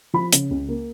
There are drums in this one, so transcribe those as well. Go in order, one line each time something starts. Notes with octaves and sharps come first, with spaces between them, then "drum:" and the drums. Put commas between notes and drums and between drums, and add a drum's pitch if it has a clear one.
F3 B5
C#3, drum: hi-hat
C#2
A#3